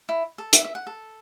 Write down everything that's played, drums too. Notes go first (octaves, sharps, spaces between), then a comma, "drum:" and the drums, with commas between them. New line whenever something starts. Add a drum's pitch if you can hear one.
E4
A4
E5, drum: hi-hat
E5
F#5
A4